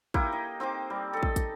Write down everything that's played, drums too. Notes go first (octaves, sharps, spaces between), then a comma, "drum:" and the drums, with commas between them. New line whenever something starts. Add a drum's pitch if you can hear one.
A#3 D#4 E4 G4, drum: kick
D#5
C4 D#4 C5 D6
G3
A4 D#5
drum: kick
drum: kick, hi-hat